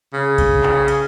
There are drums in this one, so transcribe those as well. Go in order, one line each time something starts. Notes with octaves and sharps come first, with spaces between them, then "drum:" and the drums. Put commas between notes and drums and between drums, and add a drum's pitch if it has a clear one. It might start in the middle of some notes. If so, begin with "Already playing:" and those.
C#3
drum: kick B1, cymbal
drum: clap
drum: cymbal